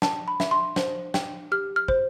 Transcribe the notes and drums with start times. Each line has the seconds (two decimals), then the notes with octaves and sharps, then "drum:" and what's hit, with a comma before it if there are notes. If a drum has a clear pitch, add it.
0.02 G5 A5, drum: snare
0.28 B5
0.40 E5, drum: snare
0.51 C6
0.76 C5, drum: snare
1.14 G5, drum: snare
1.52 G4 F6
1.76 F6
1.88 C5, drum: kick